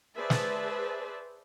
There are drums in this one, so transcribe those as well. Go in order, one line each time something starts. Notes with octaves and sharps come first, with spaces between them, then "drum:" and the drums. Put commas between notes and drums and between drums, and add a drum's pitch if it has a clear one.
G#4 B4 C5 D5 E5 A5
drum: snare